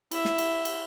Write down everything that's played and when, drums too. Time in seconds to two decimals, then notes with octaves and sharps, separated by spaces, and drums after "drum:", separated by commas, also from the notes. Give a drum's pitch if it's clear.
0.11 E4 E5, drum: cymbal
0.25 drum: snare
0.38 drum: cymbal
0.65 drum: cymbal